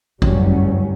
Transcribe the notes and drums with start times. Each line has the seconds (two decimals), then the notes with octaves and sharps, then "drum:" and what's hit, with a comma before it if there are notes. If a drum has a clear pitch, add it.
0.22 F#1 D2 G2 F#3 G3 C#4, drum: kick G#1